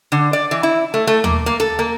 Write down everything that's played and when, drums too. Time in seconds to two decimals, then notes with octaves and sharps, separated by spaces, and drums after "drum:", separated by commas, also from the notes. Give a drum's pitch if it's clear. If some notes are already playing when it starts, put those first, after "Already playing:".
0.12 D3
0.33 D5
0.51 E3
0.63 E4
0.94 A3
1.07 A3
1.24 A#3, drum: tom D#2
1.46 A#3
1.60 A4
1.79 A#3